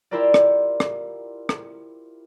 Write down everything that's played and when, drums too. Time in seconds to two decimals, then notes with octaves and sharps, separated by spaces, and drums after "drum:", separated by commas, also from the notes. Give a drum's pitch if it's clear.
0.11 E4 F4 G4 A#4 C5 D5
0.34 drum: rim click
0.80 drum: rim click
1.49 drum: rim click